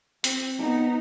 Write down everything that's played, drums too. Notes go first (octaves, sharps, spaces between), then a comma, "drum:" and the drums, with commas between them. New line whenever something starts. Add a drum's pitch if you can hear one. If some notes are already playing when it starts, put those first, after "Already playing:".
C4, drum: hi-hat
B3 D#4